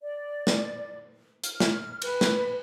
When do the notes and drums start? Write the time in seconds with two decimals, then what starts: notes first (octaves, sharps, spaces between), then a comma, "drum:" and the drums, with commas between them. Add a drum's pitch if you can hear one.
0.01 D5
0.47 drum: snare
1.44 F6, drum: hi-hat
1.60 drum: snare
2.02 B4, drum: cymbal
2.21 drum: snare